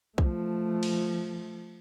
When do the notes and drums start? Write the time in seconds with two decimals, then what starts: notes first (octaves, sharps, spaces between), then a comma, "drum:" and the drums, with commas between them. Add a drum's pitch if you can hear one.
0.18 F3 A3, drum: kick
0.83 drum: cymbal